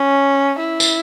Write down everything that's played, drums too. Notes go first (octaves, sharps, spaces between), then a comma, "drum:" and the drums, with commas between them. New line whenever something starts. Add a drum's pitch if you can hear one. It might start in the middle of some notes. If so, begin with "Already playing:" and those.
Already playing: C#4
E4
drum: tambourine